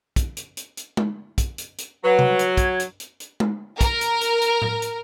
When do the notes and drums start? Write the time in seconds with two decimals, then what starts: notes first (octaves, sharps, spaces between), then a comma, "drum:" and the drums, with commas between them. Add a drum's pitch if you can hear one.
0.16 drum: kick, hi-hat
0.37 drum: hi-hat
0.57 drum: hi-hat
0.77 drum: hi-hat
0.97 drum: tom G#3
1.38 drum: kick, hi-hat
1.58 drum: hi-hat
1.78 drum: hi-hat
2.04 F#3 B4
2.19 drum: tom C3
2.39 drum: hi-hat
2.57 G#6, drum: kick, hi-hat
2.79 drum: hi-hat
3.00 drum: hi-hat
3.20 drum: hi-hat
3.40 drum: tom G#3
3.81 A#4, drum: kick, hi-hat
4.01 drum: hi-hat
4.21 drum: hi-hat
4.41 drum: hi-hat
4.62 drum: tom A2
4.82 drum: hi-hat